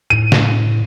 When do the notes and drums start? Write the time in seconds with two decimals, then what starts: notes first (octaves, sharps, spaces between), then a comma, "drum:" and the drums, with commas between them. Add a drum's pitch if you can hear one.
0.10 A2 D#7
0.32 drum: snare